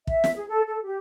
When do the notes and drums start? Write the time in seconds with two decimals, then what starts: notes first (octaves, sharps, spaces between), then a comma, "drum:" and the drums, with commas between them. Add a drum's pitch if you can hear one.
0.07 E5, drum: kick
0.24 drum: snare
0.36 G#4
0.48 A4
0.67 A4
0.84 G4